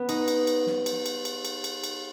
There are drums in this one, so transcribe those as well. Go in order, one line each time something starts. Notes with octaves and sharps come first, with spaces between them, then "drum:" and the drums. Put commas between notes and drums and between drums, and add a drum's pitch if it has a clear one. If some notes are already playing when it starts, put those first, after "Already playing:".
Already playing: B3
D#4, drum: cymbal
drum: cymbal
drum: cymbal
drum: snare
drum: cymbal
drum: cymbal
drum: cymbal
drum: cymbal
drum: cymbal
drum: cymbal